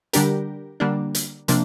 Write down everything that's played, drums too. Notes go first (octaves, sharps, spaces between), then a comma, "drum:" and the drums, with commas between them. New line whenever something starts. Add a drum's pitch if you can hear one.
D3 G3 D4 G4 A#4, drum: hi-hat
D3 G3 A#3 D4
drum: hi-hat
C3 F3 A#3 D4, drum: hi-hat